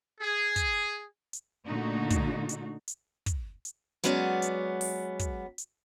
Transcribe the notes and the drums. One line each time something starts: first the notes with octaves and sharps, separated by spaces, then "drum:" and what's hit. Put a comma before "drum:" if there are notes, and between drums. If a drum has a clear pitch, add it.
G#4
drum: kick, hi-hat
drum: hi-hat
A#2 D3 A3 D#4 F#4
drum: kick, hi-hat
drum: hi-hat
drum: hi-hat
drum: kick, hi-hat
drum: hi-hat
F#3 G#3 B3 C#4 C#5 D5, drum: hi-hat
drum: hi-hat
drum: open hi-hat
drum: kick, hi-hat
drum: hi-hat